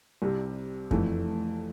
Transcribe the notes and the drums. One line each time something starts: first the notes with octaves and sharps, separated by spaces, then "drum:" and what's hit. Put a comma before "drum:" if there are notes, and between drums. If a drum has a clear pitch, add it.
C2 C3 G3
F1 F2 E3 A3, drum: kick F#2